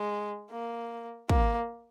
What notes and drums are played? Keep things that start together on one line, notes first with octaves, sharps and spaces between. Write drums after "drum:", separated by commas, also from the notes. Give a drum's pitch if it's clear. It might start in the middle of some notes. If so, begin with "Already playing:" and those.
Already playing: G#3
A#3
A#3, drum: kick